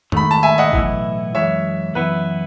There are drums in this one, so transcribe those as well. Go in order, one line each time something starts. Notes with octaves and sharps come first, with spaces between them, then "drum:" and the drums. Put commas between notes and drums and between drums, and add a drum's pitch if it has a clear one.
G#2 D#3 A3 B5, drum: tom F2
A5
E5 G#5
D#5 F#5
B1 A2 E3 B3 E4, drum: kick G#1
F#2 E3 G#3 C#5 E5
F#2 E3 B3 E4 B4